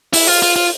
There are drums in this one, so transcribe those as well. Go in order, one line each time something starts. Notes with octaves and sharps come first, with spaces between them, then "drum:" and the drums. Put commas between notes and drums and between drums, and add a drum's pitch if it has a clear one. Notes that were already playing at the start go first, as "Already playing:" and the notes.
E4, drum: open hi-hat
F4
F4
F4